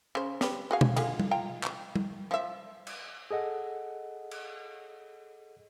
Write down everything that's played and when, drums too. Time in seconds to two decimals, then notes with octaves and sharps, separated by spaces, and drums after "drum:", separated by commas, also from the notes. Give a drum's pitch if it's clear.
0.15 C#3 C5
0.41 G3 B4, drum: snare
0.71 F#4 G#4 F5
0.81 drum: tom B2
0.96 D3 F4 G#4, drum: cymbal
1.19 drum: tom G3
1.31 F4 G5 A#5
1.64 drum: clap
1.96 drum: tom G3
2.31 F3 E5
2.87 drum: cymbal
3.31 G#4 A4 D#5 F#5
4.31 drum: cymbal